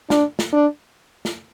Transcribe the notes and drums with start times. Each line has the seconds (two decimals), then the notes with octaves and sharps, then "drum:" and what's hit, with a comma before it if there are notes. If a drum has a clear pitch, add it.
0.10 D4, drum: snare
0.39 drum: snare
0.53 D4
1.25 drum: snare